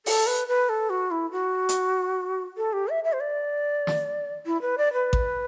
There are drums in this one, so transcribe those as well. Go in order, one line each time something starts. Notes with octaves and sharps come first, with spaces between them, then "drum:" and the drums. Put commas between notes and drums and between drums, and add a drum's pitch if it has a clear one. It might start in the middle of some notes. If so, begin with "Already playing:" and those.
A4, drum: open hi-hat
B4
B4
A4
F#4
E4
F#4
drum: hi-hat
A4
G4
E5
E5
C5
D5
drum: snare
E4
B4
D5
B4
drum: kick A1